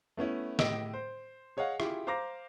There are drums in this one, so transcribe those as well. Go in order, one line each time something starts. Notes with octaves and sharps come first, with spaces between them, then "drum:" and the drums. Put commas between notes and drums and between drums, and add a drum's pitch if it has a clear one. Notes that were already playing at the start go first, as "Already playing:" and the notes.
A3 B3 C#4 E4
A2 G4 D#5 E6 D7, drum: snare
C5
G#4 C#5 D#5 F5 F#5
E4 F4 G4 G#4, drum: rim click
C5 F5 A#5 D6 A#6